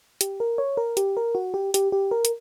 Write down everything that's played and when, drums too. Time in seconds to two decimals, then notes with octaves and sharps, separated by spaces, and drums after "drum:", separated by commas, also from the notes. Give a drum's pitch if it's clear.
0.21 G4, drum: hi-hat
0.40 A#4
0.58 C#5
0.77 A#4
0.97 G4, drum: hi-hat
1.17 A#4
1.35 F#4
1.54 G4
1.74 G4, drum: hi-hat
1.92 G4
2.11 A#4
2.25 drum: hi-hat